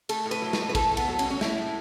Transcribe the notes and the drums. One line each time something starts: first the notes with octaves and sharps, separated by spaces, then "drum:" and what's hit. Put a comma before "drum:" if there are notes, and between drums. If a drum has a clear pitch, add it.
A3 A4, drum: cymbal
A2
B4, drum: cymbal
F#3
A2 B4, drum: snare
B4
A3 A4, drum: kick, cymbal
A2
B3, drum: cymbal
F#3
C#4, drum: cymbal
A2
C#4
A3 E4, drum: snare
A2